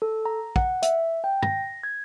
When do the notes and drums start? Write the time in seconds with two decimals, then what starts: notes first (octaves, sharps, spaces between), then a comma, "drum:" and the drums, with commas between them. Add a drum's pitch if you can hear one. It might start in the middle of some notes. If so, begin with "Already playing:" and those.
0.02 A4
0.25 A#5
0.56 F#5, drum: kick
0.83 E5, drum: hi-hat
1.24 G5
1.43 A#6, drum: tom
1.83 G#6